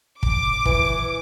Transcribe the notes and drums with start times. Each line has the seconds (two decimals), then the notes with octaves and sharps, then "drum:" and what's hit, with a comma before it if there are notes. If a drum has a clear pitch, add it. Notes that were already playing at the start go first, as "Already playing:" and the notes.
0.23 D6, drum: kick
0.65 E3, drum: kick